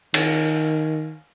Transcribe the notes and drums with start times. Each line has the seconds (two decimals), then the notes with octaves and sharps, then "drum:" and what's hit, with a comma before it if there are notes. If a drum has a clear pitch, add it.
0.14 D#3, drum: cymbal